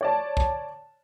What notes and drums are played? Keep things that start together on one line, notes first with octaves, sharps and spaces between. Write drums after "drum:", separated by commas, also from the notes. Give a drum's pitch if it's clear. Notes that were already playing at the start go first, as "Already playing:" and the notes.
C#5 D5 A5
drum: kick